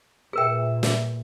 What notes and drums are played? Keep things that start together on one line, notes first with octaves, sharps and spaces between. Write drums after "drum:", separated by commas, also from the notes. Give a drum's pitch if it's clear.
A#2 G#4 A#4 B4 E5 G5
drum: snare